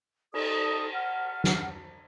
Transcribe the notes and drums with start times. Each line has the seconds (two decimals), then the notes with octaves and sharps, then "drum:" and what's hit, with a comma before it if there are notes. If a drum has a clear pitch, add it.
0.34 D#4 A4 D5 D#6, drum: cymbal
0.93 F#5 F6
1.44 drum: snare